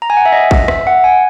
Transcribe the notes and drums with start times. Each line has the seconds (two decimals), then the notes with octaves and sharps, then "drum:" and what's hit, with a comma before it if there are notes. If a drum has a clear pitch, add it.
0.02 A#5
0.10 G#5
0.17 F#5
0.26 E5
0.32 D#5
0.51 drum: kick
0.68 E5, drum: rim click
0.87 F#5
1.04 G#5